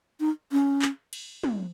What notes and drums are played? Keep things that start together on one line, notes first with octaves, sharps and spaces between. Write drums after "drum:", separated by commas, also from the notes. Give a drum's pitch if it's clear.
D#4
C#4
drum: clap
drum: cymbal
drum: tom